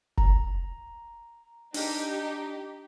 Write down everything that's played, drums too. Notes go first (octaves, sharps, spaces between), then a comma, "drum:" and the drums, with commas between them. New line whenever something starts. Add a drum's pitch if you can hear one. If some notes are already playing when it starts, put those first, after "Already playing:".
A#5, drum: kick F1
D4 D#4 G4, drum: open hi-hat